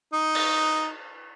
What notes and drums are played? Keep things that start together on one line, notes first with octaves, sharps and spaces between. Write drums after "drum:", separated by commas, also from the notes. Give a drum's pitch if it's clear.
D#4
drum: cymbal